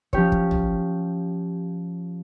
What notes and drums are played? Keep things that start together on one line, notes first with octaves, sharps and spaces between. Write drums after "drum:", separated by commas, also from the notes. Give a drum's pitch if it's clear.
F3 C#4 G4 C#5, drum: kick
drum: kick
drum: tom